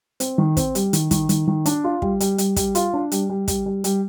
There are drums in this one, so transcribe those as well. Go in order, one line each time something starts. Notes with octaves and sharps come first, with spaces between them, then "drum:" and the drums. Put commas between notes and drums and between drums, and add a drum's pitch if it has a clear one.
C4, drum: hi-hat
D#3
C4, drum: kick, hi-hat
G3, drum: hi-hat
D#3, drum: hi-hat
D#3, drum: kick, hi-hat
D#3, drum: hi-hat
D#3
D4, drum: hi-hat
F4
G3, drum: kick
G3, drum: hi-hat
G3, drum: hi-hat
G3, drum: kick, hi-hat
F4, drum: hi-hat
D4
G3, drum: hi-hat
G3
G3, drum: kick, hi-hat
G3
G3, drum: hi-hat